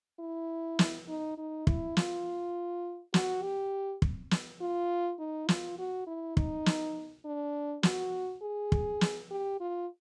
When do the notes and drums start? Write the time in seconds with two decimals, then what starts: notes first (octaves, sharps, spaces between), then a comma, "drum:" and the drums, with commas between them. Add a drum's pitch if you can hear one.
0.20 E4
0.79 drum: snare
1.08 D#4
1.38 D#4
1.67 E4, drum: kick
1.97 F4, drum: snare
3.14 F#4, drum: snare
3.43 G4
4.02 drum: kick
4.31 drum: snare
4.61 F4
5.19 D#4
5.49 F4, drum: snare
5.79 F#4
6.07 E4
6.37 D#4, drum: kick
6.66 drum: snare
7.25 D4
7.83 F#4, drum: snare
8.42 G#4
8.72 drum: kick
9.01 drum: snare
9.31 G4
9.60 F4